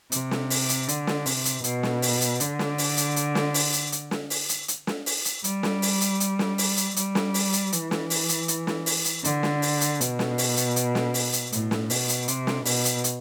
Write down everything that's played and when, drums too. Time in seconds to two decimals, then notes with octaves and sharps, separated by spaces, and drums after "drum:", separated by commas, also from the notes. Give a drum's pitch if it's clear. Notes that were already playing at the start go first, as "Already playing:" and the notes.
0.12 C3, drum: hi-hat
0.31 drum: snare
0.50 drum: open hi-hat
0.69 drum: hi-hat
0.88 D3, drum: hi-hat
1.07 drum: snare
1.26 C3, drum: open hi-hat
1.45 drum: hi-hat
1.64 B2, drum: hi-hat
1.83 drum: snare
2.02 drum: open hi-hat
2.21 drum: hi-hat
2.40 D3, drum: hi-hat
2.59 drum: snare
2.78 drum: open hi-hat
2.97 drum: hi-hat
3.16 drum: hi-hat
3.35 drum: snare
3.54 drum: open hi-hat
3.73 drum: hi-hat
3.92 drum: hi-hat
4.11 drum: snare
4.30 drum: open hi-hat
4.49 drum: hi-hat
4.68 drum: hi-hat
4.87 drum: snare
5.06 drum: open hi-hat
5.25 drum: hi-hat
5.44 G3, drum: hi-hat
5.63 drum: snare
5.82 drum: open hi-hat
6.01 drum: hi-hat
6.20 drum: hi-hat
6.39 drum: snare
6.58 drum: open hi-hat
6.77 drum: hi-hat
6.96 G3, drum: hi-hat
7.15 drum: snare
7.34 drum: open hi-hat
7.53 drum: hi-hat
7.72 E3, drum: hi-hat
7.91 drum: snare
8.10 drum: open hi-hat
8.29 drum: hi-hat
8.48 drum: hi-hat
8.67 drum: snare
8.86 drum: open hi-hat
9.05 drum: hi-hat
9.24 D3, drum: hi-hat
9.43 drum: snare
9.62 drum: open hi-hat
9.81 drum: hi-hat
10.01 B2, drum: hi-hat
10.19 drum: snare
10.38 drum: open hi-hat
10.57 drum: hi-hat
10.76 drum: hi-hat
10.95 drum: snare
11.14 drum: open hi-hat
11.33 drum: hi-hat
11.52 A2, drum: hi-hat
11.71 drum: snare
11.90 B2, drum: open hi-hat
12.09 drum: hi-hat
12.28 C3, drum: hi-hat
12.47 drum: snare
12.65 B2, drum: open hi-hat
12.85 drum: hi-hat
13.04 drum: hi-hat